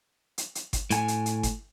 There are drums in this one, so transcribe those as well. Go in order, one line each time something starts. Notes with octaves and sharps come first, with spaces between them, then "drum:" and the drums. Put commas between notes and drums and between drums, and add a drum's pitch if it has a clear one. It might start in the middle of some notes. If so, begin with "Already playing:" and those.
drum: hi-hat
drum: hi-hat
drum: kick G1, hi-hat
A2 G#5, drum: hi-hat
drum: hi-hat
drum: hi-hat
drum: kick G1, hi-hat